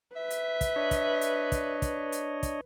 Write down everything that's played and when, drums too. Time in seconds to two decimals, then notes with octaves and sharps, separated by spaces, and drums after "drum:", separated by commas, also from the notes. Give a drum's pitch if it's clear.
0.16 B4 E5
0.30 drum: hi-hat
0.61 drum: kick, hi-hat
0.76 D4 C#5 D#5
0.91 drum: kick, hi-hat
1.21 drum: hi-hat
1.52 drum: kick, hi-hat
1.82 drum: kick, hi-hat
2.12 drum: hi-hat
2.43 drum: kick, hi-hat